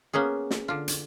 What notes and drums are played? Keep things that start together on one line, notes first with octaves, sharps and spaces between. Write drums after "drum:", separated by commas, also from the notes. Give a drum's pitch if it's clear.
A#3 B3 C#4 G#4
drum: snare
D3 F4
drum: hi-hat